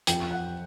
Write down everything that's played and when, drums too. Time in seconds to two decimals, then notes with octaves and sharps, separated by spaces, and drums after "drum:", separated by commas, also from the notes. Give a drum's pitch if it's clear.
0.07 F2 G5, drum: hi-hat
0.31 F#5